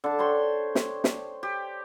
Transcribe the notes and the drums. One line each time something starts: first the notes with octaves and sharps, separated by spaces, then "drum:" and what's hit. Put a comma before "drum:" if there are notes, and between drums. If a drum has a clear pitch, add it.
D3 A5
C5 C#5 G5 C6
drum: snare
drum: snare
G4